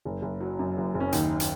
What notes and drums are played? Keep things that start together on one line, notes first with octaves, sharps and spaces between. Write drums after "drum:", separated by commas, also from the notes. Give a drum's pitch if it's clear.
F#1
F#1
F#3
F#2
F#1
F#1
C#4
D#2 D#4, drum: hi-hat
drum: hi-hat